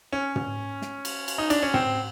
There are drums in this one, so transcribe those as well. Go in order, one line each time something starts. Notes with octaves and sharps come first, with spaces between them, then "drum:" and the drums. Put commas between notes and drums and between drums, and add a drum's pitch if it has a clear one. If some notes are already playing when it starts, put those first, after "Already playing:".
C#4
drum: tom
drum: snare
drum: cymbal
drum: cymbal
D#4
D4, drum: cymbal
C#4
C4, drum: tom